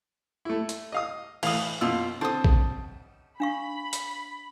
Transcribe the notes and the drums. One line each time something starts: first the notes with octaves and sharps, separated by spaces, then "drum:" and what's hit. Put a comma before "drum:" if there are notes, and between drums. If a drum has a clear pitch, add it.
A3 E4
drum: hi-hat
D#5 F5 D#6
A2 E3 F5 D#6, drum: cymbal
F#2 B2 F4 E6
D3 C4 A5 D#6
drum: kick A#1
D4 F5 B5 C#6
drum: hi-hat